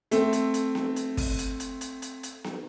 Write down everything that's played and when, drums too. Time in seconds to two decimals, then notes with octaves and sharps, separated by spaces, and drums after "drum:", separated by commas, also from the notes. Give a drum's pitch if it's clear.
0.11 A3 C4, drum: hi-hat
0.33 drum: hi-hat
0.54 drum: hi-hat
0.75 drum: snare B3
0.96 drum: hi-hat
1.17 drum: kick, open hi-hat
1.39 drum: hi-hat
1.60 drum: hi-hat
1.81 drum: hi-hat
2.02 drum: hi-hat
2.23 drum: hi-hat
2.44 drum: snare B3